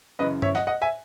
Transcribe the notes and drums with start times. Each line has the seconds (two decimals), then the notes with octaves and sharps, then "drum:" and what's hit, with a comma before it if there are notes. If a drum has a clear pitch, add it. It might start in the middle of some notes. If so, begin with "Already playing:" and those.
0.19 F#2 C#3 E3 B4 D#5
0.42 C#5 E5, drum: tom G2
0.55 D#5 F#5, drum: snare
0.67 D#5 F#5
0.82 E5 G#5